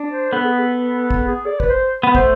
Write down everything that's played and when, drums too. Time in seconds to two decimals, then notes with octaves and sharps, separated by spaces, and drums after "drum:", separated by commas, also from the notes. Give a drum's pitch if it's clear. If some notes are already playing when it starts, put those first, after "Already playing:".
Already playing: D4
0.09 C5
0.33 B3 A4
0.45 G#4
0.59 A4
1.11 drum: kick
1.24 G#4
1.46 D5
1.60 B4, drum: kick
1.69 C5
2.03 B3
2.15 A3 C5, drum: kick